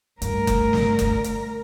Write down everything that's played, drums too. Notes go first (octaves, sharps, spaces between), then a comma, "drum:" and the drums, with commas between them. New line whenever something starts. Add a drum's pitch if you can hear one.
D2 G2 A#4, drum: hi-hat
drum: kick F#1, hi-hat
drum: snare
drum: kick F#1, hi-hat
drum: hi-hat